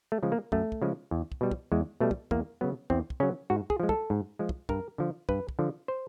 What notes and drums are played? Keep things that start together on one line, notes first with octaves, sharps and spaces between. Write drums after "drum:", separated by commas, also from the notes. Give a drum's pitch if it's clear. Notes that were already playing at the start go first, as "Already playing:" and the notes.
A3
C#3 F3 G#3
A#3
F#2 A3, drum: kick
drum: kick
C#3 F3 G#3
E2
drum: kick
B2 G3
drum: kick
E2 G#3
B2 G3 A3
drum: kick
E2 A#3, drum: kick
C#3 F#3 B3
E2 C4, drum: kick
drum: kick
C#3 F#3 C#4
G#2 F#4
G#4, drum: kick
F3 G#3
A4, drum: kick
G#2
F3 G#3
drum: kick
G2 A#4, drum: kick
D3 F3
G2 B4, drum: kick
drum: kick
D3 F3
C5